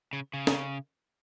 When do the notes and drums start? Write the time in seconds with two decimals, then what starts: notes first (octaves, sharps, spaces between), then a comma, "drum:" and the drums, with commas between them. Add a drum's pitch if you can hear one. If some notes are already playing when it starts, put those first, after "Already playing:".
0.13 C#3
0.34 C#3
0.47 drum: snare C#4